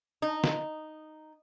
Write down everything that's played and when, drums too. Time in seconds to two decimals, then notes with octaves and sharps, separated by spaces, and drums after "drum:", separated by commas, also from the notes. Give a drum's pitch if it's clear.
0.22 D#4
0.44 drum: snare